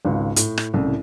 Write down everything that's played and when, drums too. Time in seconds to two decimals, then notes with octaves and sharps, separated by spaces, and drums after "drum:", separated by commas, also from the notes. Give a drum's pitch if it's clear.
0.05 G#1 C#2
0.36 A2, drum: hi-hat
0.58 drum: rim click
0.74 C2 A2 C#3